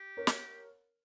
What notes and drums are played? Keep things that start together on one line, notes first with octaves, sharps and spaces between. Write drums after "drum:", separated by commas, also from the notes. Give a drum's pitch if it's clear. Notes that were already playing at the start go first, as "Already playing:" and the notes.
Already playing: G4
A#4 C#5
drum: snare